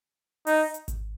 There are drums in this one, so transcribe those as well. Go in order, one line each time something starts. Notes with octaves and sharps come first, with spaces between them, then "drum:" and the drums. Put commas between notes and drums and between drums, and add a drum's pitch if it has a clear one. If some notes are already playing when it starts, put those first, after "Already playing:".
D#4, drum: open hi-hat
drum: hi-hat
drum: kick G#1, hi-hat